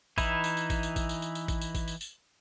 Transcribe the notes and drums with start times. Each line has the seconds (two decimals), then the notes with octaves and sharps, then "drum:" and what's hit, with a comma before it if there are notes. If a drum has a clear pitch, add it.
0.18 E3 D#4 E4 B5, drum: kick A1, tambourine
0.44 drum: tambourine
0.57 drum: tambourine
0.70 drum: kick A1, tambourine
0.83 drum: tambourine
0.96 drum: kick A1, tambourine
1.09 drum: tambourine
1.22 drum: tambourine
1.35 drum: tambourine
1.48 drum: kick A1, tambourine
1.61 drum: tambourine
1.75 drum: kick A1, tambourine
1.88 drum: tambourine
2.01 drum: tambourine